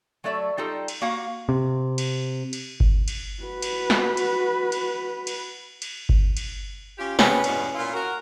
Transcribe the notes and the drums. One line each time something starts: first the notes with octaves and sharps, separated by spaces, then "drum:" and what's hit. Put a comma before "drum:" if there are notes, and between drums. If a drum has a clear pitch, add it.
F#3 A3 A4 D5 E5
G3 D#4 F4 A4
drum: cymbal
A#3 F#4 F5 F#5
C3
drum: cymbal
drum: cymbal
drum: kick G1
drum: cymbal
F#4 B4
drum: cymbal
drum: snare
drum: cymbal
drum: cymbal
drum: cymbal
drum: cymbal
drum: kick G1
drum: cymbal
C#4 F4 G4
C#4 G4 G#4 B4, drum: snare
E2 G2 B2, drum: cymbal
A#2 E4 F4
F#4 A#4